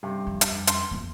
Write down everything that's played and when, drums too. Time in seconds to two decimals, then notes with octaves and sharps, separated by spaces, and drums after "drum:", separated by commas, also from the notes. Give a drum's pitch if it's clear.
0.03 G2 C3
0.27 F2
0.41 drum: hi-hat
0.67 C6, drum: hi-hat
0.91 F2 B3